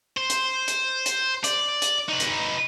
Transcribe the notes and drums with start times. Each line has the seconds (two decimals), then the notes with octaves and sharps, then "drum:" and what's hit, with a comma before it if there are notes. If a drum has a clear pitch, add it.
0.17 C5
0.30 drum: hi-hat
0.68 drum: hi-hat
1.06 drum: hi-hat
1.44 D5, drum: hi-hat
1.82 drum: hi-hat
2.09 D#4 B4
2.20 drum: hi-hat